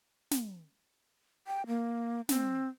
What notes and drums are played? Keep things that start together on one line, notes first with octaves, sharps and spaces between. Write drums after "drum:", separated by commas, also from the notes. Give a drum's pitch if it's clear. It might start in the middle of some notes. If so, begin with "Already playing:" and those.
drum: snare
G5
A#3
C4, drum: snare